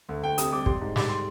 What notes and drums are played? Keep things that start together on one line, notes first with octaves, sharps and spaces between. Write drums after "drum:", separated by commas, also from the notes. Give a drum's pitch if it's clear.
D2
D2 G5
C3 D#6, drum: hi-hat
G3 D6
G3 C6, drum: kick
G#2
G3 D6, drum: snare
C6